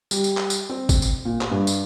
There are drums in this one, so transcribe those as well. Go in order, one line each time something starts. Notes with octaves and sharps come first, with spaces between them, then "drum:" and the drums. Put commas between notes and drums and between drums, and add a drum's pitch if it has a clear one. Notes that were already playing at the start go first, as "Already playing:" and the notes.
G3, drum: tambourine
drum: tambourine
drum: clap
drum: tambourine
C4
drum: kick, tambourine
drum: tambourine
A#2
drum: clap
G2
drum: tambourine